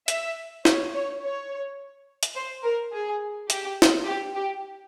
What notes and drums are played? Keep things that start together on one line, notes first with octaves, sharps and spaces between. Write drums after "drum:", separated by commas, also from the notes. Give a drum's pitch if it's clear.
E5, drum: hi-hat
C#5, drum: snare
C#5
C#5
drum: hi-hat
C5
A#4
G#4
G4, drum: hi-hat
drum: snare
G4
G4